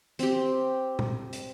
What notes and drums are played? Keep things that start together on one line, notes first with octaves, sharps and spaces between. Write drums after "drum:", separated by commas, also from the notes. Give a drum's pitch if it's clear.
C4 G4, drum: hi-hat
drum: tom
drum: hi-hat